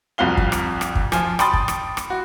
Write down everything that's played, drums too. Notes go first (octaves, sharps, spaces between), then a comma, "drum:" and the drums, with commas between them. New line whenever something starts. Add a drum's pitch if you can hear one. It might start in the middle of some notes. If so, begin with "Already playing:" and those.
C2 F2 F#4 F5 G7
drum: kick
drum: rim click
drum: rim click
drum: kick
F3 F4 G#5, drum: rim click
G5 A5 B5 C6 D#6 A6, drum: rim click
drum: kick
drum: rim click
drum: rim click
F#4